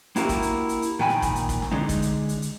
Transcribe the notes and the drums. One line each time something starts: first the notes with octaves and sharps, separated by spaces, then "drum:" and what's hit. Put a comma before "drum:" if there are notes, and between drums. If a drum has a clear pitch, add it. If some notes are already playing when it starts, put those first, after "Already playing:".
A#3 D4 E4 F#4 G4 A#4, drum: hi-hat
drum: kick, hi-hat
drum: hi-hat
drum: hi-hat
drum: hi-hat
A#2 D#3 G5 G#5 B5
drum: snare
drum: kick, hi-hat
drum: hi-hat
drum: kick, hi-hat
drum: snare
D3 G#3 D4 D#4
drum: kick, hi-hat
drum: hi-hat
drum: hi-hat
drum: hi-hat